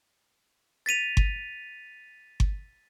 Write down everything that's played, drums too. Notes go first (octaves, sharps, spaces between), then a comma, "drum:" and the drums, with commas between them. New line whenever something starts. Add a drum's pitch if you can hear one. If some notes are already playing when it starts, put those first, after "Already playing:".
A6 B6 D#7 F7
drum: kick G1
drum: kick G1